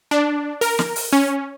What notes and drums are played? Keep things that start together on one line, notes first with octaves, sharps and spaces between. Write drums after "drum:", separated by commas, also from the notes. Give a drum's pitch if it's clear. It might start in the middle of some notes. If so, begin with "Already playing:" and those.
D4
A#4, drum: open hi-hat
drum: snare
drum: open hi-hat
C#4